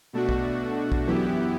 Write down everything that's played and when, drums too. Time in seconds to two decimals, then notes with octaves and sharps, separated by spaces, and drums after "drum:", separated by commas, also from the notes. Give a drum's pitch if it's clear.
0.13 B2 A3 D4 F#4
0.29 drum: kick
0.92 drum: kick
1.07 F#2 E3 B3 E4 G4